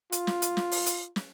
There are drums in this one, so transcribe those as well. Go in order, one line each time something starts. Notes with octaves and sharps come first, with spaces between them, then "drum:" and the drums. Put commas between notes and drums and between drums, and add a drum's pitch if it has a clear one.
F4, drum: hi-hat
drum: snare
drum: hi-hat
drum: snare
drum: open hi-hat
drum: hi-hat
drum: snare